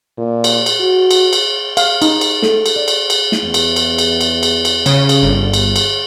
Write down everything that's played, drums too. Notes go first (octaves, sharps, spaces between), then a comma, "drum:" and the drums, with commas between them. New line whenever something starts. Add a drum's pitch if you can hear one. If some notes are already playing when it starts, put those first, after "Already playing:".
A#2
drum: cymbal
drum: cymbal
F#4
drum: cymbal
drum: cymbal
F5, drum: cymbal
D#4, drum: cymbal
drum: cymbal
A4, drum: snare
drum: cymbal
D5
drum: cymbal
drum: cymbal
drum: snare
E2
drum: cymbal
drum: cymbal
drum: cymbal
drum: cymbal
drum: cymbal
drum: cymbal
C#3, drum: cymbal
drum: cymbal
G1
drum: cymbal
drum: cymbal